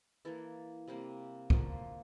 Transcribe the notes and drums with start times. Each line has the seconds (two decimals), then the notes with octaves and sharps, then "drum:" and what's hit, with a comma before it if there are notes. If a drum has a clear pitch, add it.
0.25 E3 A#3 A4
0.88 C3 G3 A#3
1.50 D3 F3 A#3, drum: kick